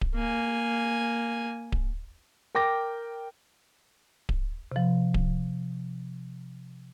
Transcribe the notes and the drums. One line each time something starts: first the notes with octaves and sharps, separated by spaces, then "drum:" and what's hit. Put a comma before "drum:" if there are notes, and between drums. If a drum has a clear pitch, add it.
drum: kick D1
A#3 G#5
drum: kick D1
A#4 G5 D6 A#6
drum: kick D1
C3 F3
drum: kick D1